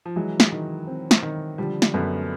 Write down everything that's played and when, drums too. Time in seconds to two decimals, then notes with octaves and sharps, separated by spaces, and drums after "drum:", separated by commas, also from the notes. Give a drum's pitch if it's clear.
0.06 F3
0.16 E3 F#3 G#3
0.40 drum: snare
0.52 D#3
0.87 C4
1.11 drum: snare
1.22 D#3
1.58 D3 F3 G3
1.82 drum: snare
1.94 F#2 A3 B3